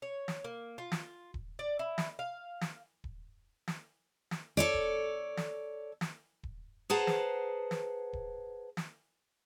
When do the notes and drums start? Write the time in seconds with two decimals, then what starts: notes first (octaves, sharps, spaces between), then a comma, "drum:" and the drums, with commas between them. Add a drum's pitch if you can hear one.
0.02 C#5
0.28 drum: snare
0.44 A#3
0.78 F4
0.92 drum: snare
1.34 drum: kick D#1
1.59 D5
1.79 E4
1.98 drum: snare
2.19 F5
2.61 drum: snare
3.04 drum: kick D#1
3.68 drum: snare
4.31 drum: snare
4.57 A4 C#5 D5
4.74 drum: kick D#1
5.37 drum: snare
6.01 drum: snare
6.43 drum: kick D#1
6.90 G#4 B4 C5 F#5 A5 A#5
7.07 drum: snare
7.71 drum: snare
8.13 drum: kick D#1
8.77 drum: snare